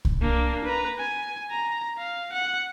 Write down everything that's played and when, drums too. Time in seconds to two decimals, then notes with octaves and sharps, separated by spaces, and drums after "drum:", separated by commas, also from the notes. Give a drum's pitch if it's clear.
0.05 drum: kick C2
0.22 A#3 D4
0.65 B4 A#5
0.99 G#5
1.51 A#5
1.98 F5
2.33 F#5